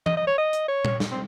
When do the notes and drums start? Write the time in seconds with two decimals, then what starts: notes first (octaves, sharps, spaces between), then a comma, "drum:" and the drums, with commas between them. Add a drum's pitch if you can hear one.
0.06 D#5, drum: tom
0.17 D#5
0.27 C#5
0.38 D#5
0.53 drum: hi-hat
0.68 C#5
0.85 drum: tom A#2
1.00 drum: snare
1.11 C4